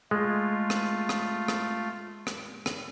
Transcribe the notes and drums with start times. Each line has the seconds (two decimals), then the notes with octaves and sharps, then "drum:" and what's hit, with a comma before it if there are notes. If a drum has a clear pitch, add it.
0.11 G#3 A3 F4
0.70 drum: rim click
1.09 drum: rim click
1.48 drum: rim click
2.27 drum: rim click
2.66 drum: rim click